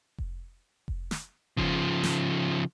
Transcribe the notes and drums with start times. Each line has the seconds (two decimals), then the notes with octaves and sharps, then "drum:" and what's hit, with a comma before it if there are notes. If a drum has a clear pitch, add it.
0.18 drum: kick F1
0.88 drum: kick F1
1.11 drum: snare
1.57 C#3 F3, drum: kick F1
2.03 drum: snare